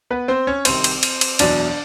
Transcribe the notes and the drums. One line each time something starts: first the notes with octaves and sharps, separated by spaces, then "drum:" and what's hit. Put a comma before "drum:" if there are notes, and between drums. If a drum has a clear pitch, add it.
B3 B4
C4 C5
C#4 C#5
C2 C3 D#3 C4 C5, drum: cymbal
drum: cymbal
drum: cymbal
drum: cymbal
F#1 E2 B2 F#3 D4 D5, drum: cymbal